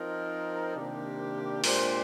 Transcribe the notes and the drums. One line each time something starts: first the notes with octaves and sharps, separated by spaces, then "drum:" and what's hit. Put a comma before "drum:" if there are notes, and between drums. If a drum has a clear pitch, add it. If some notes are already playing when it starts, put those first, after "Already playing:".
Already playing: F3 C4 D#4 A#4
C3 D#3 A#3 D4 G4
A#2 G#3 D4 G4 C5, drum: open hi-hat